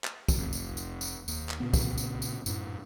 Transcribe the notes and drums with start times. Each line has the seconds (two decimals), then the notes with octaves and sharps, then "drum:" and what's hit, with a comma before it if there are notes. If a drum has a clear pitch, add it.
0.04 drum: clap
0.28 drum: kick, tambourine
0.38 F1
0.53 drum: tambourine
0.77 drum: tambourine
1.01 drum: tambourine
1.28 D#2, drum: tambourine
1.49 drum: clap
1.60 A#2 C#3 B3
1.73 drum: kick, tambourine
1.98 drum: tambourine
2.22 drum: tambourine
2.46 F#2 A2, drum: tambourine